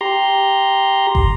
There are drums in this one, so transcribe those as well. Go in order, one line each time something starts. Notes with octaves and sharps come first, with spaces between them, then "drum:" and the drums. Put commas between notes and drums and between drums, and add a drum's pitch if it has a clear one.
G4 A#5 C6
drum: kick